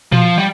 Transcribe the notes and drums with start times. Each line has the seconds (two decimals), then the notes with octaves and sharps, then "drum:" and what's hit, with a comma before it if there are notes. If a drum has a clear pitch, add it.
0.12 F3, drum: tom A#2
0.38 G3